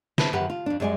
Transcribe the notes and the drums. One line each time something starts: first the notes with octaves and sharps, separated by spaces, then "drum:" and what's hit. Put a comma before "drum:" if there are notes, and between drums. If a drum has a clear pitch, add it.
C3 B4 C5 A5, drum: snare
F#2 G4 B4 F#5
F4
F2 D4
F#2 G3 G#3 D5 D#5 G#5